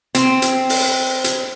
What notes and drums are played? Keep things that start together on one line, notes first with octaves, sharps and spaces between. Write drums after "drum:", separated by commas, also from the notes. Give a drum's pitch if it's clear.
C4, drum: hi-hat
drum: hi-hat
drum: open hi-hat
drum: hi-hat